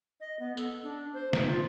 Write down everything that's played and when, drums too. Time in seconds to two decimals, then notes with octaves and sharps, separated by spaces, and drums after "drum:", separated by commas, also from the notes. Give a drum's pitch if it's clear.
0.20 D#5
0.39 B3
0.57 A4, drum: tambourine
0.83 D4
1.14 C5
1.33 D#4, drum: snare
1.48 F4